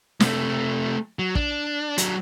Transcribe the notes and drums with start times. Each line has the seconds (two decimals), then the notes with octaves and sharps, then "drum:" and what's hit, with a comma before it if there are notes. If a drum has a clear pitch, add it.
0.20 C3 A3, drum: snare
1.19 F#3
1.35 D4, drum: kick
1.98 F#3 D4, drum: hi-hat